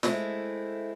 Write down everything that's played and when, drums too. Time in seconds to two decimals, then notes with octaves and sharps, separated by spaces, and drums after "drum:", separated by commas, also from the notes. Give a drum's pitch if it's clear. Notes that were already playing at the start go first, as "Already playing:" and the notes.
0.03 G#3 A3 C4 E4, drum: snare